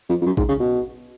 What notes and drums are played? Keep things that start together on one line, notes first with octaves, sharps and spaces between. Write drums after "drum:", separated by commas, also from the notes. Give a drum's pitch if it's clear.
F2
F2
F#2
G#2, drum: kick
C#3
B2